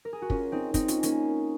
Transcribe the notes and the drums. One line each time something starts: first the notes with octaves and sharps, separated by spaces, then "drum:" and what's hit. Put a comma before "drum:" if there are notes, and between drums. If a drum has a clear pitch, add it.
A#4
G#4
F#4
C#4 F4, drum: kick
C4 D#4
C4 D#4, drum: kick, hi-hat
C#4 F4, drum: hi-hat
A#3 C#4, drum: hi-hat